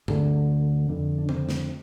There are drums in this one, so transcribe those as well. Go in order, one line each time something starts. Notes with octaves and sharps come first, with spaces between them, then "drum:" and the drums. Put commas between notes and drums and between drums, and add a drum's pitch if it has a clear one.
D2 D3, drum: tom G2
F2 D3
D4
C4, drum: tom C#3
C4, drum: snare